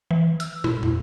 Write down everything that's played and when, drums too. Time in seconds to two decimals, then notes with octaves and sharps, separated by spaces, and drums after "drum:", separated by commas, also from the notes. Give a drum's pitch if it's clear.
0.11 E3
0.40 E6, drum: hi-hat
0.64 E4, drum: tom
0.83 drum: tom